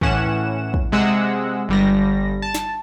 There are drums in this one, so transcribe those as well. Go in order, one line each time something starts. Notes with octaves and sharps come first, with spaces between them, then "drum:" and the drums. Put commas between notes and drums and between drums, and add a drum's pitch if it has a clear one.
A2 E3 C#4 F#5 E7, drum: kick
drum: kick
C3 G#3 F#5 E6
G1 G3 A#6
A5
drum: snare